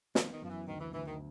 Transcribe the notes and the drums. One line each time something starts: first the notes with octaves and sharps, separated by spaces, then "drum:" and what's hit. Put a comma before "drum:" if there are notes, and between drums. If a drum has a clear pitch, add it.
D#3 F3 B3, drum: snare
D#3
F#2 F3
E3
D2 D#3
E3
D2 E3
D#3